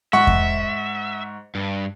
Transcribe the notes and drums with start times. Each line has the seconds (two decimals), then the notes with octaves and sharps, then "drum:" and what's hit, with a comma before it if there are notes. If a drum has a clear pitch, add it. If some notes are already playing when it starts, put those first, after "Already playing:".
0.13 G#2 E5 F#5 C#6
0.27 drum: kick E2
1.55 G2